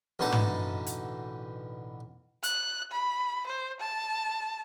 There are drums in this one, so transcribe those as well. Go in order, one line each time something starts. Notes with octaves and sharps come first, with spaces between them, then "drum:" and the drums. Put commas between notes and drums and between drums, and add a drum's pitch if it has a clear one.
A1 B2 D3 D#4 A5 A#5
drum: tom
drum: hi-hat
F#6, drum: hi-hat
B5
C5
A5